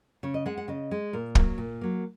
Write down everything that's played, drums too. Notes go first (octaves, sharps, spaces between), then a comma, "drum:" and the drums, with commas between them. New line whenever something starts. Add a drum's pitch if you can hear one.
C#3 C#5
D#5
G#3 F#5
F#5
C#3 D#5
G#3
A#2 A#4
F#3 A#3, drum: kick
A#2
F#3 A#3